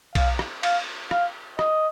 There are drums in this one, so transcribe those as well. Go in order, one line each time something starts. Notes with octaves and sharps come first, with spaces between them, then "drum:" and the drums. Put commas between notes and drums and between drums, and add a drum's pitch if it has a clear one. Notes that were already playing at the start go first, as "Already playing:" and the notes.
F5, drum: kick B1, cymbal
drum: rim click
F5, drum: cymbal
F5, drum: rim click
D#5, drum: rim click